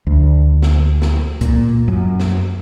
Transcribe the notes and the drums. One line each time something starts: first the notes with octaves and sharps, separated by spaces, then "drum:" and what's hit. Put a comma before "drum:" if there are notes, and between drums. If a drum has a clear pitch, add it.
D2
drum: snare
drum: snare
A#2, drum: kick C2, hi-hat
F#2
drum: snare